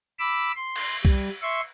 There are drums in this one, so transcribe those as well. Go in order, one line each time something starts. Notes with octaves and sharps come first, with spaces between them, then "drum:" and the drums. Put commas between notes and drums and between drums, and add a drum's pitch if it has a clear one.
B5 D6 E6
C6
drum: cymbal
G3, drum: kick C2
E5 C6 C#6